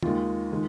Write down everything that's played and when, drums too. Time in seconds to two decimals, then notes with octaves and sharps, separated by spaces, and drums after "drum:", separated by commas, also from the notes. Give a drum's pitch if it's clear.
0.03 D#2 D#3 G#3 F4, drum: tom
0.52 D#3 G#3